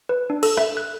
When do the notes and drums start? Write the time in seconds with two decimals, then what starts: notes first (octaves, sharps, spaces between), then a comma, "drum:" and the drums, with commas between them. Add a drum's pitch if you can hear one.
0.09 B4
0.30 D4
0.43 A4, drum: cymbal
0.57 E5, drum: rim click
0.77 F#6